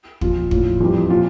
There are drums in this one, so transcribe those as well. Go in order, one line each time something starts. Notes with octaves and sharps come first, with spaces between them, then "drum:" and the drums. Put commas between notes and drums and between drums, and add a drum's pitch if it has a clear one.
A#2 F3 F4, drum: kick
A2 F3, drum: kick
F2 E3 G3
A#2 F3 F4